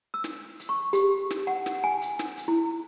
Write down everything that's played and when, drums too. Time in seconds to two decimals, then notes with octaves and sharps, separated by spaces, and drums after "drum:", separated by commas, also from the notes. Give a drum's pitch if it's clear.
0.14 E6
0.24 drum: snare
0.59 drum: hi-hat
0.69 C#6
0.93 G4, drum: hi-hat
1.30 drum: snare
1.47 F#5
1.66 drum: snare
1.84 G#5
2.01 drum: hi-hat
2.19 drum: snare
2.37 drum: hi-hat
2.48 E4